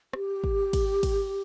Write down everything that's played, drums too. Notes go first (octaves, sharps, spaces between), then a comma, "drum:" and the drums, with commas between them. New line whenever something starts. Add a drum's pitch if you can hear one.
G4, drum: rim click
drum: kick
drum: kick, cymbal
drum: kick, cymbal